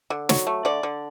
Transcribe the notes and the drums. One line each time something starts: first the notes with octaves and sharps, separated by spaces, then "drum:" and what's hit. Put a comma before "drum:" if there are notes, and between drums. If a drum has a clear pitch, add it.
D3
F#3, drum: snare
A3
D3 D5
D3